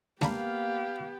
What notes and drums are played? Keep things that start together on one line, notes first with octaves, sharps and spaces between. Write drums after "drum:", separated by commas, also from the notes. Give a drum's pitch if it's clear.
A#3 B3 D4 G4 F5 A#5 B5, drum: snare G#3